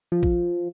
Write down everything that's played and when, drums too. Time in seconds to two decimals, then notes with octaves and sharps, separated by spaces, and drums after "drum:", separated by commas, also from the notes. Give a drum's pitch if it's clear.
0.12 F3
0.23 drum: kick